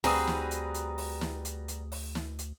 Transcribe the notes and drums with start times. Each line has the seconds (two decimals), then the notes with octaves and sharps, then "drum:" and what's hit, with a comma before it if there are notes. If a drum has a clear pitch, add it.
0.04 D2 G3 C4 F#4 G#4 B4 A#5 D#6, drum: open hi-hat
0.27 drum: snare
0.51 drum: hi-hat
0.74 drum: hi-hat
0.98 drum: open hi-hat
1.21 drum: snare
1.45 drum: hi-hat
1.68 drum: hi-hat
1.92 drum: open hi-hat
2.15 drum: snare
2.39 drum: hi-hat